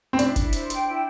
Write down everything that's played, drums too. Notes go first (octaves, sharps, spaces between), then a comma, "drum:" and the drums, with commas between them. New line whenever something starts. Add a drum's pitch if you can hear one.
C4
D4 E4, drum: hi-hat
E4, drum: kick F#1, hi-hat
C5, drum: hi-hat
G5, drum: hi-hat
E4